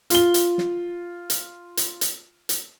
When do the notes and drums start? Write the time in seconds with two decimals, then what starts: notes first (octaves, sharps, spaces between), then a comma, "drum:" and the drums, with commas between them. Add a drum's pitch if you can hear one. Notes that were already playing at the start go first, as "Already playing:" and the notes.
0.10 F4 G7, drum: hi-hat
0.34 drum: hi-hat
0.58 drum: snare
1.30 drum: hi-hat
1.77 drum: hi-hat
2.01 drum: hi-hat
2.49 drum: hi-hat